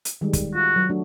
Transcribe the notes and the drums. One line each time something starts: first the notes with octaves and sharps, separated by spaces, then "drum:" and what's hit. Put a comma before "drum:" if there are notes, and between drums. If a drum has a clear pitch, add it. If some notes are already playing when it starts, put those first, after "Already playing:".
drum: hi-hat
D#3 G3 G#3
drum: kick, hi-hat
F4 F#4
F#3
A3 D4 F#4